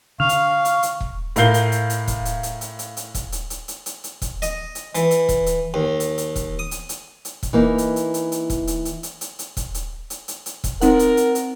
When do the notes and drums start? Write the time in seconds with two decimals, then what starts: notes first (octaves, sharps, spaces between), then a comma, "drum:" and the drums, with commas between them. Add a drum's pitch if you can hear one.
0.20 D3 F5 C#6 F6
0.29 drum: hi-hat
0.65 drum: hi-hat
0.83 drum: hi-hat
1.00 drum: kick E1
1.36 A2 A#4 F5 G6 G7, drum: hi-hat
1.54 drum: hi-hat
1.72 drum: hi-hat
1.90 drum: hi-hat
2.08 drum: kick E1, hi-hat
2.25 drum: hi-hat
2.43 drum: hi-hat
2.61 drum: hi-hat
2.79 drum: hi-hat
2.97 drum: hi-hat
3.15 drum: kick E1, hi-hat
3.32 drum: hi-hat
3.50 drum: hi-hat
3.68 drum: hi-hat
3.86 drum: hi-hat
4.04 drum: hi-hat
4.22 drum: kick E1, hi-hat
4.42 D#5, drum: hi-hat
4.75 drum: hi-hat
4.95 E3, drum: hi-hat
5.11 drum: hi-hat
5.29 drum: kick E1, hi-hat
5.46 drum: hi-hat
5.74 D#2
6.00 drum: hi-hat
6.18 drum: hi-hat
6.36 drum: kick E1, hi-hat
6.59 D#6
6.71 drum: hi-hat
6.89 drum: hi-hat
7.25 drum: hi-hat
7.43 drum: kick E1, hi-hat
7.53 E3 A#3 D#4
7.78 drum: hi-hat
7.96 drum: hi-hat
8.14 drum: hi-hat
8.32 drum: hi-hat
8.50 drum: kick E1, hi-hat
8.67 drum: hi-hat
8.85 drum: hi-hat
9.03 drum: hi-hat
9.21 drum: hi-hat
9.39 drum: hi-hat
9.57 drum: kick E1, hi-hat
9.74 drum: hi-hat
10.10 drum: hi-hat
10.28 drum: hi-hat
10.46 drum: hi-hat
10.64 drum: kick E1, hi-hat
10.81 C4 D#4 A#4 F#5, drum: hi-hat
10.99 drum: hi-hat
11.17 drum: hi-hat
11.35 drum: hi-hat